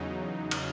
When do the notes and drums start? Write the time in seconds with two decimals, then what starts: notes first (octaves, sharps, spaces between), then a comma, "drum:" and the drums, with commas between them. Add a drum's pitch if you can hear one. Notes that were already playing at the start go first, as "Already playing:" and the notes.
Already playing: E2 C#3 F#3 D#4
0.51 drum: cymbal